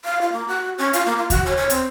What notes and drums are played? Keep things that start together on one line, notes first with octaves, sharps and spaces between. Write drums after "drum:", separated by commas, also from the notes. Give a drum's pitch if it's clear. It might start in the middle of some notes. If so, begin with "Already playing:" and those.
F5
F4
A#3
F#4
C#4
F4, drum: hi-hat
A#3
F4
F#4, drum: kick D#2, hi-hat
C#5
C#5
C4, drum: hi-hat